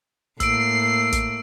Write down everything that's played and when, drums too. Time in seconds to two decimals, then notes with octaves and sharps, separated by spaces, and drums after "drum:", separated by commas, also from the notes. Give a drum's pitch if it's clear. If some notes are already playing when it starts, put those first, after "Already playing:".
0.40 A2 A#3 E6 C7 D7, drum: kick, hi-hat
1.12 drum: kick, hi-hat